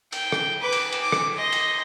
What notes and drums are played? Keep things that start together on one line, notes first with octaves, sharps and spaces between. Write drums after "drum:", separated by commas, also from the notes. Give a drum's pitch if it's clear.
G5, drum: cymbal
drum: rim click
B4 D6
drum: cymbal
drum: cymbal
D6
drum: rim click
D#5 C6
drum: cymbal